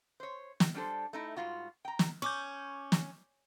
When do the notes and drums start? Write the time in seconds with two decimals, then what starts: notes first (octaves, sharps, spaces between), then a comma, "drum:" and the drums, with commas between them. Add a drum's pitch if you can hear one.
0.20 C5 C#5
0.60 G5, drum: snare
0.74 G3 D4 G4 A4 C5
1.13 A3 D#4 E4
1.37 G#2 B2 G3 F4 F#4
1.85 G5 A#5
1.99 drum: snare
2.22 C#4 C#6 D6 G6
2.92 drum: snare